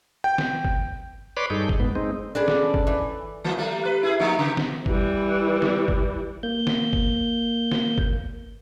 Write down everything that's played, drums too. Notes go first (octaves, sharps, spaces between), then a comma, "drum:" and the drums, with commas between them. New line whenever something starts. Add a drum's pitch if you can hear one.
G5
drum: snare
drum: kick G1
B4 C#5 D5 B5 C6 D6
G2 D#4 G#4 A4 G6
drum: kick G1
G#2 B3
G#3 C4 D#4
C#4 D4 G#4 A4 B4 D5
drum: snare
drum: kick G1
E3
E3 A#3
G3 A3
B4
E4 G#4
F3 A#3 D#4
C#3 G4
drum: snare
E3 G3, drum: kick G1
drum: snare
drum: kick G1
A#3 G6
drum: snare
drum: kick G1
drum: snare
drum: kick G1